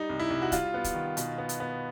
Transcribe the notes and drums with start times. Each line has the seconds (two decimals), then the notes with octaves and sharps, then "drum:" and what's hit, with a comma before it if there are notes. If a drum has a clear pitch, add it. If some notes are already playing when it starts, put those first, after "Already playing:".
Already playing: G3 D#4
0.09 C2
0.20 E4
0.30 C2
0.42 F#4
0.52 G3 F4, drum: kick, hi-hat
0.74 B3
0.84 drum: kick, hi-hat
0.95 D#3
1.17 B2, drum: hi-hat
1.38 B3
1.49 drum: hi-hat
1.60 B3